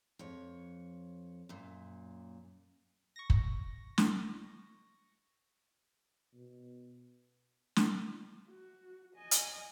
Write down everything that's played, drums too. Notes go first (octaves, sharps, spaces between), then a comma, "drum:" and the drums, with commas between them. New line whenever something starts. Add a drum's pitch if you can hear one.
F2 C#5
F#2 A#2
C#6 A#6
drum: kick
drum: snare
B2
drum: snare
F#4
D#5 G#5
drum: hi-hat